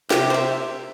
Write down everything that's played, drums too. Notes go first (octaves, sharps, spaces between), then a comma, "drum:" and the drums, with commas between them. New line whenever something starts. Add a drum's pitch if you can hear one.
C3 G4, drum: snare
C5 E5